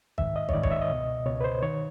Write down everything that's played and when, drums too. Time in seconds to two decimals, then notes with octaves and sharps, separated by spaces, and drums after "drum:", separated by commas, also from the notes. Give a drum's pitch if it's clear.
0.18 G#2 D#3 E5, drum: kick
0.36 D#5
0.49 C#5, drum: kick
0.53 G#2 D#3 D5
0.63 C#5, drum: kick
0.71 E5
0.81 D#5
0.90 C#2 B2
1.26 C#2 B2 C#5
1.40 B4
1.44 C5
1.62 D#3 C#5